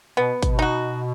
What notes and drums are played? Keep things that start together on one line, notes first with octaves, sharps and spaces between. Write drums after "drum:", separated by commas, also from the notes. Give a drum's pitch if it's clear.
B2 B3
B2, drum: kick, hi-hat
D#4 F#4